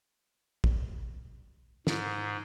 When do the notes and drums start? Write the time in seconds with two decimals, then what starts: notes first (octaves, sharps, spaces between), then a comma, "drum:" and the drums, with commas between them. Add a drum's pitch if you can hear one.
0.64 drum: kick
1.87 G#2, drum: snare